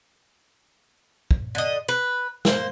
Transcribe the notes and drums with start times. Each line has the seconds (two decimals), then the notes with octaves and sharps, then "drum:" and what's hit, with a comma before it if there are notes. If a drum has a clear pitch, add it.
1.31 drum: kick
1.55 D3 D#5
1.89 B4
2.45 A#3 C5, drum: snare